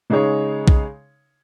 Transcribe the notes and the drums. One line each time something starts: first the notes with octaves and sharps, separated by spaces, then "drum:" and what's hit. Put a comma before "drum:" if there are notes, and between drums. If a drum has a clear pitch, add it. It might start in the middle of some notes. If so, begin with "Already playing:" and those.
C#3 G#3 D#4 G#4 C#5
drum: kick B1